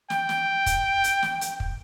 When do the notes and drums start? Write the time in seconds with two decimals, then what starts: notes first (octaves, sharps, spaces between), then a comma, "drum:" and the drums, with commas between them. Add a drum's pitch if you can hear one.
0.10 G5, drum: snare
0.29 drum: snare
0.66 drum: kick, hi-hat
1.04 drum: hi-hat
1.22 drum: snare
1.41 drum: hi-hat
1.60 drum: kick